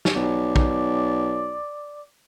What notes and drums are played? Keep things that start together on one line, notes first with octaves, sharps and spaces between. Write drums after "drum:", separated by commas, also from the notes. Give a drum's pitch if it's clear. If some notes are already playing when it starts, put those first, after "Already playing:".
drum: snare
B1 D5
drum: kick